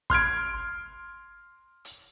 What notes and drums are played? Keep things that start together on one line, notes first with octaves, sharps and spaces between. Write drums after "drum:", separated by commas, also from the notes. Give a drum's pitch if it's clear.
C6 F6 G#6 D7, drum: kick
drum: hi-hat